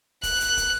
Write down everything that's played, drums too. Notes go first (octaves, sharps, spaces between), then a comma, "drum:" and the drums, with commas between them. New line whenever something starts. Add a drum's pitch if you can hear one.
F#6, drum: kick, hi-hat
drum: hi-hat
drum: kick, hi-hat